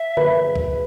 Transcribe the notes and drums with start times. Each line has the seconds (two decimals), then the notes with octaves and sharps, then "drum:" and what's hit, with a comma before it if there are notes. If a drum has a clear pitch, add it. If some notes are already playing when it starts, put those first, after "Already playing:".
Already playing: E5
0.17 B4, drum: tom D3
0.56 drum: kick